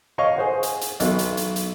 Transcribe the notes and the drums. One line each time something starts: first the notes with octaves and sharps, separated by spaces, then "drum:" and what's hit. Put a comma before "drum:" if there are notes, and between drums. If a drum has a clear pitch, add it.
C#5 D#5 F5 C#6
G#4 C5 F#5
drum: hi-hat
drum: hi-hat
B1 B2, drum: hi-hat
drum: hi-hat
drum: hi-hat
drum: hi-hat